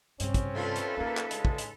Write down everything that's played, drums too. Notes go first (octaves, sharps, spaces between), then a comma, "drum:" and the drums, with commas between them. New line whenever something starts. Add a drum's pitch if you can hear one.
G2 C3 C4 C#4, drum: hi-hat
drum: kick, hi-hat
A3 D4 F4 A4 B4
drum: hi-hat
A#3 C#4 D#4
drum: clap
C#3 G#3, drum: hi-hat
drum: kick
drum: hi-hat